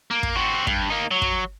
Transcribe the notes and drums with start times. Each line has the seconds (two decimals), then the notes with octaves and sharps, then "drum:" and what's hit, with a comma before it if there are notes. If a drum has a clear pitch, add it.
0.11 A#3
0.23 drum: kick
0.36 C4 F#4
0.67 G2, drum: kick
0.90 A#3 D#4
1.11 F#3
1.22 drum: kick